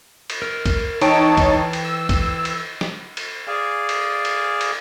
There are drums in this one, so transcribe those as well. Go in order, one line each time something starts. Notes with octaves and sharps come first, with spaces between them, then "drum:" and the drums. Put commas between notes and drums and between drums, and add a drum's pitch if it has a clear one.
drum: cymbal
A#4
drum: kick C#2, cymbal
E3 D#4 C#5 G5 A5, drum: cymbal
drum: kick C#2, cymbal
drum: cymbal
E6
drum: kick C#2, cymbal
drum: cymbal
drum: snare
drum: cymbal
G#4 D5 F5 G#5
drum: cymbal
drum: cymbal
drum: cymbal